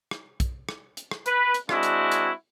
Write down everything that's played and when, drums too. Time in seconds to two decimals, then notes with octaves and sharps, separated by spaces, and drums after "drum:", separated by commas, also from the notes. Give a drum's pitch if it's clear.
0.11 drum: rim click
0.40 drum: kick, hi-hat
0.69 drum: rim click
0.97 drum: hi-hat
1.11 drum: rim click
1.26 B4, drum: hi-hat
1.54 drum: hi-hat
1.69 G#3 C4 D4 E4 F#4, drum: rim click
1.83 drum: hi-hat
2.12 drum: hi-hat